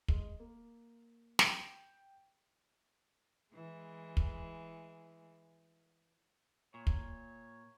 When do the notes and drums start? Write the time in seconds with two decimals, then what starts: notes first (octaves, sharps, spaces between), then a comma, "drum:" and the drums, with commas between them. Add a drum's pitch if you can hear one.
0.08 G#3, drum: kick
0.40 A#3
1.39 G5, drum: snare
3.54 E3 G#3
4.17 drum: kick
6.74 A#2 C#5
6.87 drum: kick